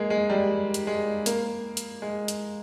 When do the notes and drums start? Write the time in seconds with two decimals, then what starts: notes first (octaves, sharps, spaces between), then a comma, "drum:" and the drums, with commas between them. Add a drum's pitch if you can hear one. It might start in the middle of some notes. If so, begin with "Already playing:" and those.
Already playing: G#3 A#3
0.10 G#3
0.30 G3
0.74 drum: hi-hat
0.87 G#3
1.26 A#3, drum: hi-hat
1.77 drum: hi-hat
2.02 G#3
2.28 drum: hi-hat